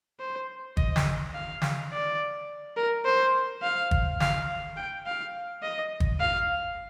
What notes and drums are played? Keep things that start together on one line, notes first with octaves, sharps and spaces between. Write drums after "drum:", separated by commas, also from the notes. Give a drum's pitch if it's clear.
C5
D#5, drum: kick
drum: snare
F5
drum: snare
D5
A#4
C5
F5
drum: kick
F5, drum: snare
G5
F5
D#5
drum: kick
F5